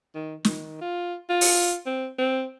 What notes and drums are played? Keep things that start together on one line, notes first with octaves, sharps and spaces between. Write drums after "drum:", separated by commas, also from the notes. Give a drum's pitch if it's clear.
D#3
D#3, drum: snare
F4
F4
drum: open hi-hat
C4
C4